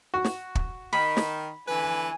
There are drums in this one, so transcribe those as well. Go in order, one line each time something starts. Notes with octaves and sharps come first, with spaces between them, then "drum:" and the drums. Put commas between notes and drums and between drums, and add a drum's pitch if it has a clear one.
F#4
drum: snare
drum: kick
D#3 B5
drum: snare
D3 E3 B4 G#5